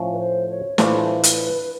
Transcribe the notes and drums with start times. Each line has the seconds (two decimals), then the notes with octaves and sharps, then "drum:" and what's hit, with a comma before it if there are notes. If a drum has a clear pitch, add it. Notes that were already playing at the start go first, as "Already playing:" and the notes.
Already playing: A2 F3 A3 C#4
0.12 B4
0.19 C5
0.49 C#5
0.78 A2 E3 A3 D4 F4 C5, drum: snare
1.23 B4, drum: hi-hat